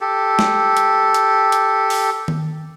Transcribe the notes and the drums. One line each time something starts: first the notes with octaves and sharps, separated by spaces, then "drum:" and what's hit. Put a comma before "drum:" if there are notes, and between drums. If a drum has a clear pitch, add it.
G4 A4
drum: snare
drum: hi-hat
drum: hi-hat
drum: hi-hat
drum: open hi-hat
drum: tom D#3